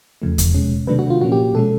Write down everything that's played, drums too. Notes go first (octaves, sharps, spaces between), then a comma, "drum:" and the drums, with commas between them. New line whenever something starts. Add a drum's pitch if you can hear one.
E2 C#3 F3 A3
drum: kick E2, hi-hat
B2 G#3 C#4
C3 D#3 F#3 A3 D4 B4
F#4
F4
A#2 F3 A#3 C#4 F#4
G4
B2 G#3 C#4 A4